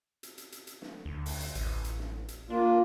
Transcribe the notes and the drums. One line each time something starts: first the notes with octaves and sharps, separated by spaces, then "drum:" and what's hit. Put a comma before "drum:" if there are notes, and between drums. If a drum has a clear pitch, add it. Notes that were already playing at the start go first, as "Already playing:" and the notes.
drum: hi-hat
drum: hi-hat
drum: hi-hat
drum: hi-hat
drum: snare
D2
drum: open hi-hat
drum: hi-hat
A1, drum: hi-hat
drum: hi-hat
drum: snare
drum: hi-hat
A#3 D4 F4